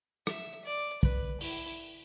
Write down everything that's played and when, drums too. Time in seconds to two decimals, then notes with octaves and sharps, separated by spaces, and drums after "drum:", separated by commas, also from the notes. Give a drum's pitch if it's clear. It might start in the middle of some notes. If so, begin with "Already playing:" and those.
0.27 E5, drum: rim click
0.65 D5
1.03 B4, drum: kick
1.41 E4, drum: open hi-hat